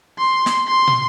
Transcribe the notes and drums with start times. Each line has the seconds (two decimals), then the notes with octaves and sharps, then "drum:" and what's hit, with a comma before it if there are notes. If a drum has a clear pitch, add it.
0.18 C6
0.46 drum: snare
0.68 C6
0.88 drum: tom